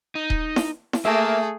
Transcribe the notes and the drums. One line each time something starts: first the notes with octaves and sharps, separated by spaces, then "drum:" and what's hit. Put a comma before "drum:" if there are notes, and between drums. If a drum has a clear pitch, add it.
D#4
drum: kick D#1
drum: snare E4
drum: snare E4
A3 A#3 G#4 E5